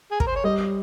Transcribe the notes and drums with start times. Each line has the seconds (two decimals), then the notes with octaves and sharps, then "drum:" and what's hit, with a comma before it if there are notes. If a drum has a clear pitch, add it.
0.11 G#4
0.20 A#4, drum: kick
0.27 C5
0.36 C#5
0.44 G3 D#5